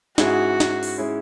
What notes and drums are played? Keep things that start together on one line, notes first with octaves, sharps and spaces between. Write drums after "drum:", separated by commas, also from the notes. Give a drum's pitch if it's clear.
G#2 G#3 C#4 E4 F#4 G#4, drum: snare
drum: snare
drum: open hi-hat
G#3 C#4 E4 G#4